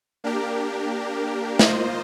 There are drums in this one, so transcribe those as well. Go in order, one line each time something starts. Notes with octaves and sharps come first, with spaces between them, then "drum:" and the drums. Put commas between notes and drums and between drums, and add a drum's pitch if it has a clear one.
A#3 D4 G4 A#4
A#3 F4 C5 D#5, drum: snare